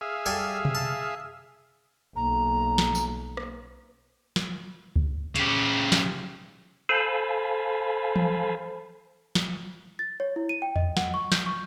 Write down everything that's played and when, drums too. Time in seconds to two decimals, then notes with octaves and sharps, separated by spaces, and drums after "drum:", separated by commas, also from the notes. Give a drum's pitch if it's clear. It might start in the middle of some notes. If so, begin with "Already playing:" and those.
0.01 G#4 E5 F5
0.26 G3 A4 G#5
0.65 drum: tom B2
0.75 A5
2.16 B1 A#3 A#5
2.78 drum: snare
2.95 drum: tambourine
3.37 drum: rim click
4.36 drum: snare
4.96 drum: kick D2
5.36 C#3 G4, drum: hi-hat
5.92 drum: snare
6.89 A4 C5 F5 G#5 A5 B5
8.16 drum: tom E3
9.35 drum: snare
9.99 A6
10.20 C#5
10.36 E4
10.49 D#7
10.62 G5
10.76 D#5, drum: tom E2
10.97 F#5, drum: snare
11.14 C#6
11.32 G6, drum: snare
11.46 C#6